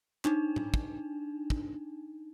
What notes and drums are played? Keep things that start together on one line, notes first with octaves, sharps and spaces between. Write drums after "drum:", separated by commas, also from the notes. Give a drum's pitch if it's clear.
D4 D#4, drum: clap
drum: tom
drum: kick
drum: kick